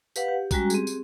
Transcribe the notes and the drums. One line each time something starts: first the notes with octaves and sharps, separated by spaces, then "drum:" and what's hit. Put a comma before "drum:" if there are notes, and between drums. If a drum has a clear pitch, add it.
G4 B4 F5 F#5, drum: tambourine
G4
G3 G#3 C#4 F#4 G5 A#5, drum: kick, tambourine
C4 G4 G#4, drum: tambourine
drum: tambourine